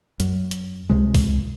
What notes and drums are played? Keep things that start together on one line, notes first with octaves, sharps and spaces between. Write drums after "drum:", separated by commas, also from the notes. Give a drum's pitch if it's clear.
F#2, drum: hi-hat
drum: hi-hat
C#2 C3 G#3
drum: kick, open hi-hat